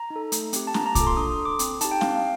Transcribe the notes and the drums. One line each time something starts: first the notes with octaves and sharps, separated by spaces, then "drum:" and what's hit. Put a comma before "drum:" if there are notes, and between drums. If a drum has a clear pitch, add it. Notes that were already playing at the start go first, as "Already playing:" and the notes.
Already playing: A#5
D#4
A4
A3, drum: hi-hat
C4 G4, drum: hi-hat
A5
A#3 A#5, drum: snare
A#5
F4 D6, drum: kick, hi-hat
A4
C6
D4 D#6
D#6
A4
D6
C4, drum: hi-hat
D#4 G4 A5, drum: hi-hat
G5
C4 F5, drum: snare
F5